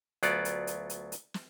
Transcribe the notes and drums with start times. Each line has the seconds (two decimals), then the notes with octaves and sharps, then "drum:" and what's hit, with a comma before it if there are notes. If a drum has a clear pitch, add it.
0.23 D2 F#3 B3 F4 D5 F#5, drum: hi-hat
0.45 drum: hi-hat
0.67 drum: hi-hat
0.90 drum: hi-hat
1.12 drum: hi-hat
1.34 drum: snare